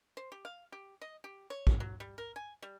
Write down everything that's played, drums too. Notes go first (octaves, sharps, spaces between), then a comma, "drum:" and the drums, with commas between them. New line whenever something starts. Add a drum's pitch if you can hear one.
C5
G4
F5
G4
D#5
G4
C#5
drum: kick
F#3
G3
A#4
G#5
G3